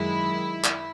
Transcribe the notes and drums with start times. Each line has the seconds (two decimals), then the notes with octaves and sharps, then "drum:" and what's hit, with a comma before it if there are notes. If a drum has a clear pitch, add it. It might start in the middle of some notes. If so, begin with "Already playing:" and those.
Already playing: F#2 D#3 G#3 E4
0.64 drum: clap